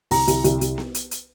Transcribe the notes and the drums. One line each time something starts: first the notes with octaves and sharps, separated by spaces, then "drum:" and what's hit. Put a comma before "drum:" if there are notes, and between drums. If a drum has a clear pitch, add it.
C2 A#5, drum: open hi-hat
C2, drum: hi-hat
C2, drum: hi-hat
C2, drum: hi-hat
drum: snare B3
drum: hi-hat
drum: hi-hat